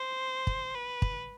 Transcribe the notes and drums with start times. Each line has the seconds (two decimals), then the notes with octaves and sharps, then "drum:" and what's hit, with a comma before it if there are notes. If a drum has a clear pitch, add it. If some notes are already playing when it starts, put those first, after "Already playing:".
Already playing: C5
0.47 drum: kick
0.75 B4
1.02 drum: kick